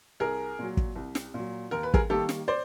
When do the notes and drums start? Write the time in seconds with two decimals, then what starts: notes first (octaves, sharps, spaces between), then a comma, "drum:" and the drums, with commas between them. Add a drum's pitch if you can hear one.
0.20 C2 G#4 A#4
0.59 A#2 F#3
0.77 drum: kick
0.96 C2
1.15 drum: snare
1.34 A#2 F#3
1.71 D#2 A#4
1.83 B4
1.94 G#4 A#4, drum: kick
2.10 D#3 G3 A#3 G4 A4
2.29 drum: snare
2.48 C5 D5